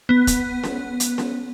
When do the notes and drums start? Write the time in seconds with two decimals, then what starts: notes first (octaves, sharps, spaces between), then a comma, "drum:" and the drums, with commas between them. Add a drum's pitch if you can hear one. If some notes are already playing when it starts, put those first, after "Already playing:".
0.09 B3
0.27 drum: kick, hi-hat
0.64 drum: snare C#4
1.00 drum: hi-hat
1.18 drum: snare C#4